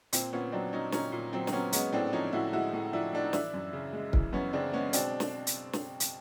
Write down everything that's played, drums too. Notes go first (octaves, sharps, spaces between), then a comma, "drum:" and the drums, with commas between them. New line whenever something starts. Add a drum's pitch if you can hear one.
A#2 C4, drum: hi-hat
A#2 B3 C#4
F#3 C4 D4
F#3 C#4 D#4
A#2 C#4 D#4, drum: snare
A#2
F#3 C4
C4, drum: snare
F#3 B3 C#4
G#3 B3 C#4, drum: hi-hat
A2 C4 D4
F3 C#4 D#4
A2 E4 F#4
G#3 E4 F#4
A2
F3 D4 E4
A2 D4
D#4
E3 D4 E4, drum: snare
F#2
C#3
G#3
E3, drum: kick
F#2 B3 C#4
C#3 C4 D4
G#3 B3 C#4
B2 C4 D4, drum: hi-hat
drum: snare
drum: hi-hat
drum: snare
drum: hi-hat